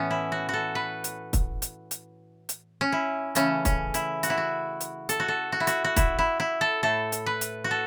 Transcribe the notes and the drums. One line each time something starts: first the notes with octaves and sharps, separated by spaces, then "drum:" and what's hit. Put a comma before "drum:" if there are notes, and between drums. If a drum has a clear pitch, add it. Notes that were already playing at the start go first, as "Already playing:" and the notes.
Already playing: A2 E3 B3 C#4
E4
F#4
F#4 A4
B4
drum: hi-hat
drum: kick, hi-hat
drum: hi-hat
drum: hi-hat
drum: hi-hat
C#4
E4
C#3 E3 A3 C#4, drum: hi-hat
C#4, drum: kick, hi-hat
E4, drum: hi-hat
F#4, drum: hi-hat
E4
F#4
drum: hi-hat
A4, drum: hi-hat
F#4
A4
F#4
E4
F#4, drum: hi-hat
F#4
E4, drum: kick, hi-hat
E4
E4
A4
A2 A3 A4
drum: hi-hat
B4
drum: hi-hat
F#4
A4